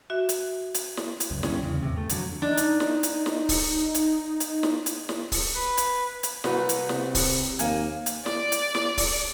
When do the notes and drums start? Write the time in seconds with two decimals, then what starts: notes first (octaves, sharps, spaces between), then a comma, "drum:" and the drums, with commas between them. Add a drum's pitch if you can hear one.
0.10 F#4 E5
0.29 drum: hi-hat
0.74 drum: hi-hat
0.97 drum: snare
1.20 drum: hi-hat
1.31 C#2 F#2
1.43 G2 D3 G3 C#4, drum: snare
1.60 E2 C#3
1.82 E2 A2 C3
1.98 A3
2.09 F2 D3 F3 F#3, drum: hi-hat
2.42 D4 D#4
2.57 drum: hi-hat
2.80 drum: snare
3.03 drum: hi-hat
3.26 drum: snare
3.49 drum: kick C#1, open hi-hat
3.94 drum: hi-hat
4.40 drum: hi-hat
4.63 drum: snare
4.86 drum: hi-hat
5.09 drum: snare
5.32 drum: kick C#1, open hi-hat
5.55 B4
5.77 drum: hi-hat
6.23 drum: hi-hat
6.44 C2 F#4 B4, drum: snare
6.69 drum: hi-hat
6.89 C3, drum: snare
7.15 drum: kick C#1, open hi-hat
7.59 D#2 A#3 G#5, drum: hi-hat
8.06 drum: hi-hat
8.26 D5, drum: snare
8.52 drum: hi-hat
8.75 drum: snare
8.97 drum: kick C#1, open hi-hat